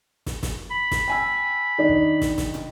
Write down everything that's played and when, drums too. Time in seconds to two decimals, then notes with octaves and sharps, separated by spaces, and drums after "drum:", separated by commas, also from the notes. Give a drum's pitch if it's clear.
0.26 drum: snare
0.43 drum: snare
0.71 B5
0.91 drum: snare
1.08 G5 G#5 E6
1.78 D#3 D4 D#4
1.89 drum: kick
2.21 drum: snare
2.38 drum: snare
2.54 drum: tom